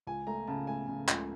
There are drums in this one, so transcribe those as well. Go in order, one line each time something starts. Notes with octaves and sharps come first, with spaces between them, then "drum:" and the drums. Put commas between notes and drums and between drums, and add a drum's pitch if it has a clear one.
C#2 G#5
A3 A#5
C#3 A5
A3 G#5
C#3
C#2, drum: clap